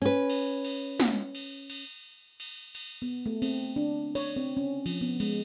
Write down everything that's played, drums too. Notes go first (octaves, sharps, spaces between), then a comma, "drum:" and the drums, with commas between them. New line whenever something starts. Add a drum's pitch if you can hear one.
C#4 B4
drum: cymbal
drum: cymbal
drum: snare
drum: cymbal
drum: cymbal
drum: cymbal
drum: cymbal
B3
A3
C4, drum: cymbal
D4
C#5, drum: cymbal
C4
C#4
F3, drum: cymbal
B3
G#3, drum: cymbal